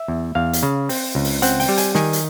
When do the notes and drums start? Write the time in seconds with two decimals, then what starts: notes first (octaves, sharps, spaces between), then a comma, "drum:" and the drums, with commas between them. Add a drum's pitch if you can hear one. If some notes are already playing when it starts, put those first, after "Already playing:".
Already playing: E5
0.08 E2
0.35 E2 F5
0.53 drum: hi-hat
0.63 C#3
0.89 C4, drum: open hi-hat
1.15 C#2
1.24 drum: open hi-hat
1.42 C4 F#5, drum: hi-hat
1.60 G5, drum: open hi-hat
1.69 G3
1.78 G#5, drum: hi-hat
1.95 D#3 G#5, drum: snare
2.13 drum: hi-hat